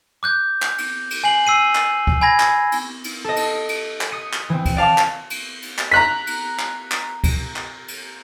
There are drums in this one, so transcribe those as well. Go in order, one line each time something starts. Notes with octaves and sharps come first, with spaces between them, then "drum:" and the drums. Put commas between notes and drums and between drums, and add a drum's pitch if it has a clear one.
D6 F#6 G6
drum: clap
drum: cymbal
drum: cymbal
G#5 C7 F#7
E6 C7 D#7
drum: clap
drum: kick C#2
G#5 B5 G#6 A#6
drum: clap
drum: cymbal
drum: cymbal
A4 D#5
drum: cymbal
drum: cymbal
drum: clap
D#6 C#7 D#7
drum: clap
E3 C4
drum: kick C#2, cymbal
D5 F5 A5 D6
drum: clap
drum: cymbal
drum: cymbal
drum: clap
A#5 F#6 B6
drum: cymbal
drum: clap
drum: clap
drum: kick C#2, cymbal
drum: clap
drum: cymbal